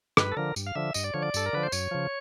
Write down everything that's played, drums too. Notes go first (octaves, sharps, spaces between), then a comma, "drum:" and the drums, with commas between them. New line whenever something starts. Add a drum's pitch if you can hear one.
G2 B4, drum: rim click
A4
D3 F3 A#4
G2, drum: tambourine
F5
D3 F3 E5
G2 D#5, drum: tambourine
D5
D3 F3 C#5
D5
G2 A4, drum: tambourine
A#4
D3 F3 B4
C5
F#2 C#5, drum: tambourine
C#3 F3